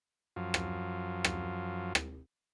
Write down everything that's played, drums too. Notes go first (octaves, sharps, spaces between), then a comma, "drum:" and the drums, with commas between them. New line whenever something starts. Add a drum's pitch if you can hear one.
F#2 F3
drum: rim click
drum: rim click
drum: rim click